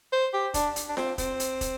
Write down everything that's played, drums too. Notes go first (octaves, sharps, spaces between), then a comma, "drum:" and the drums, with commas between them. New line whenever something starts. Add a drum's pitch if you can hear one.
C5
G4
D4, drum: kick, hi-hat
drum: hi-hat
D4
C4, drum: snare F4
C4, drum: kick, hi-hat
drum: hi-hat
drum: kick, hi-hat